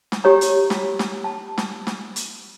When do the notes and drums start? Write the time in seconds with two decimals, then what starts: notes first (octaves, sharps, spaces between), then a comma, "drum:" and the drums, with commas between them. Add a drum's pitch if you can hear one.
0.12 drum: snare
0.24 G4 C#5 A#5
0.41 drum: hi-hat
0.70 F4, drum: snare
0.99 drum: snare
1.24 A5
1.58 drum: snare
1.87 drum: snare
2.16 drum: hi-hat